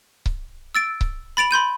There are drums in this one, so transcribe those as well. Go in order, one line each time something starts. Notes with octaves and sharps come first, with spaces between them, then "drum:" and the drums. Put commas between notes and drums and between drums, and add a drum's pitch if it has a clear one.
drum: kick C#1
E6 A6 D7
drum: kick C#1
B5 A6 D7 F7
B5 C6 G6 D#7